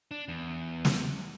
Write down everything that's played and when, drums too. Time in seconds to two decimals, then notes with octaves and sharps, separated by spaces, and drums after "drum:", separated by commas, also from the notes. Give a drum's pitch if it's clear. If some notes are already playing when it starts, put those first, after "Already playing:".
0.11 D4
0.28 E2
0.85 drum: snare